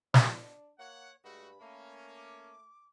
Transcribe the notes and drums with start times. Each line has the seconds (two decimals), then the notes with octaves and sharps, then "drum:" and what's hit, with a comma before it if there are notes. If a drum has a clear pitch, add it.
0.14 D4, drum: snare
0.79 A#3 C#5 F#5
1.24 G2 G#3 A3 F#4 B5
1.61 A3 A#3 C#4
2.17 D6